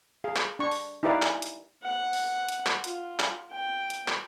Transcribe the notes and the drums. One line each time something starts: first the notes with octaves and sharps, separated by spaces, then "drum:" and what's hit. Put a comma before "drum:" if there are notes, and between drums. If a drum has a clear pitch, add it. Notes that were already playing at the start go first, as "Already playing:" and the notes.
G#4 F5
drum: clap
D4 C#6
drum: open hi-hat
D#4 E4 G4 B4 D5 F5
G#5, drum: clap
drum: hi-hat
F#5
drum: open hi-hat
drum: hi-hat
drum: clap
F4, drum: hi-hat
drum: clap
G5
drum: hi-hat
drum: clap